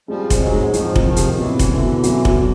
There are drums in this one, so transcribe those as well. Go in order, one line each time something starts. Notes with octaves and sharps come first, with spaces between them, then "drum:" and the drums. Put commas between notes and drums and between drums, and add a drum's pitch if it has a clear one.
F3 G3 G#3
C4, drum: kick F1, hi-hat
F#3 G#3
G#2
F2 D#3 F3, drum: hi-hat
F2, drum: kick F1
D#3 F3
C3, drum: hi-hat
B2 E3 F#3
B2, drum: kick F1, hi-hat
D3 E3
B2
F#3, drum: hi-hat
F#3, drum: kick F1